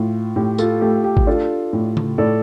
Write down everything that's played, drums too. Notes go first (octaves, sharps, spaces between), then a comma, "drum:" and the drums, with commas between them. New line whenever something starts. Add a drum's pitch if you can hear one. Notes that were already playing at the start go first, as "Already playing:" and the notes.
Already playing: A2 F4
A2 G4
F4 A4, drum: tambourine
A3 G4
G4
drum: kick G#1
D4 F4 A4
A2
drum: tom C#3
A2 A4 D5